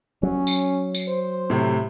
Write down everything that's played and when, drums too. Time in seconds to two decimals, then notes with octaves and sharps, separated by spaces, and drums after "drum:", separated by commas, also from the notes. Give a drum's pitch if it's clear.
0.23 F#3 C#4
0.47 drum: tambourine
0.94 drum: tambourine
1.08 C5
1.50 A2 C3